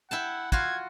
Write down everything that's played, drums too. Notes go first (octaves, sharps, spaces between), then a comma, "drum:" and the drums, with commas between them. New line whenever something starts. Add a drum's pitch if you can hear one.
E4 F#5 G5 A5
F4 F#4 G#6, drum: kick